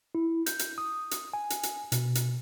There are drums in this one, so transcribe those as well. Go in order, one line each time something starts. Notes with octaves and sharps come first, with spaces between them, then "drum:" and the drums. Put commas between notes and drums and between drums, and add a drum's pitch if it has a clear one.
E4
G6, drum: hi-hat
drum: hi-hat
D#6
drum: hi-hat
G#5
drum: hi-hat
drum: hi-hat
B2, drum: hi-hat
drum: hi-hat